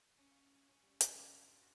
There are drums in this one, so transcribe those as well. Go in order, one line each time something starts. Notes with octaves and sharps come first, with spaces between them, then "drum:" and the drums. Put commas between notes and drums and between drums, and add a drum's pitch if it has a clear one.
C#4
F5
G#5
C#4
G3
D4, drum: hi-hat
C#3
G2
F4
F#4